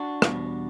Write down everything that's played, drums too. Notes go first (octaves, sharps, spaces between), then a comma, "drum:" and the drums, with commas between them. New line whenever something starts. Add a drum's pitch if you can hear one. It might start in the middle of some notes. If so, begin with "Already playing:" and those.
Already playing: D4 F#4
E2 B2 G3 B3, drum: rim click